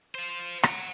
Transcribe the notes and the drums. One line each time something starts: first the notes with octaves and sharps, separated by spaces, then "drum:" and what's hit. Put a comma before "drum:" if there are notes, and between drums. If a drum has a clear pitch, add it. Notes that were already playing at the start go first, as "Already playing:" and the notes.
F4 C5
F#5 A#5, drum: rim click